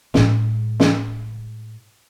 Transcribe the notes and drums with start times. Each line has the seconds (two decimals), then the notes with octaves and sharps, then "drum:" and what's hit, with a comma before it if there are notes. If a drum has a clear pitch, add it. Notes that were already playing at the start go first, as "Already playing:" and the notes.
0.14 A2 G#3, drum: snare
0.80 drum: snare